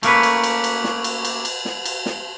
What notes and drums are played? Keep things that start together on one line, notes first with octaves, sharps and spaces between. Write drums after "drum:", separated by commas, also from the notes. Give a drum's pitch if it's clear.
A3 A#3 C#4 B4, drum: cymbal
drum: cymbal
drum: cymbal
drum: cymbal
drum: snare
drum: cymbal
drum: cymbal
drum: cymbal
drum: snare
drum: cymbal
drum: snare